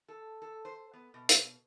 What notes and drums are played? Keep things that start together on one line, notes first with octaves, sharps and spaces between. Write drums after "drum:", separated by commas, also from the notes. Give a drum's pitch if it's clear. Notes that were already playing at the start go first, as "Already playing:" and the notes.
A4
A4
C5
B3
B2
drum: hi-hat